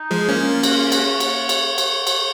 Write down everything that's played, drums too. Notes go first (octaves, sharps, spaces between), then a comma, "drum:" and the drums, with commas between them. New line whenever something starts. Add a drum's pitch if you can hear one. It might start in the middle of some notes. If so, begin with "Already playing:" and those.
Already playing: D#4
F3 G#3
A#3 C#4
F4
F#4, drum: cymbal
F4
F#4, drum: cymbal
C#5
drum: cymbal
drum: cymbal
drum: cymbal
drum: cymbal